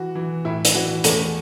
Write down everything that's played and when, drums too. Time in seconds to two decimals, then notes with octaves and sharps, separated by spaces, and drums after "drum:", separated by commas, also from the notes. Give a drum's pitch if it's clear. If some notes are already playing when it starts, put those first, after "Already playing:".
Already playing: E3 F#4
0.15 E3
0.45 A2 E4
0.65 drum: hi-hat
0.75 E3 F#4
1.04 E2 A3 A4, drum: hi-hat